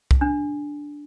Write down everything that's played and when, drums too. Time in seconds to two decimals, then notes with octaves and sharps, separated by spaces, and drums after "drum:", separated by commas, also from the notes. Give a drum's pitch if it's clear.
0.11 drum: kick C2
0.21 D4